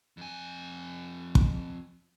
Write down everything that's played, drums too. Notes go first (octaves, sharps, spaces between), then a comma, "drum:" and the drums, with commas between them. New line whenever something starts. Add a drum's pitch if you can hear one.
F2 G#5
drum: kick